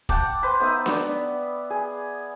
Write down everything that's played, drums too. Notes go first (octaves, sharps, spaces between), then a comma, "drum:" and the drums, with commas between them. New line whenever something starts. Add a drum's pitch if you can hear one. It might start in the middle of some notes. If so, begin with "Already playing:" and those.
F#5 G5 A5 D6, drum: kick
B4 C5
B3 D#4 D#5 E5
B3 D5, drum: snare D4
G#4